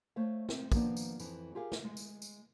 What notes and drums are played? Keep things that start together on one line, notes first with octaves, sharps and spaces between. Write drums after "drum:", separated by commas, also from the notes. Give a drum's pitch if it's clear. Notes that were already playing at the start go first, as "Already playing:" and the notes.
A3 C5 C#5 F5
C4, drum: snare
D#3 F3 A#3 B3 D4, drum: kick, tambourine
drum: tambourine
F2 E3, drum: tambourine
F4 G4 G#4 A#4 F5
drum: snare
G#3
drum: tambourine
drum: tambourine